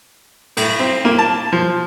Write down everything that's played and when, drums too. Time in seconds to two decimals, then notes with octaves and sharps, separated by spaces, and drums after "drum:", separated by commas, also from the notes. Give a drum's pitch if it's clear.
0.57 A2, drum: cymbal
0.79 C4
1.05 A#3
1.18 A5
1.52 F3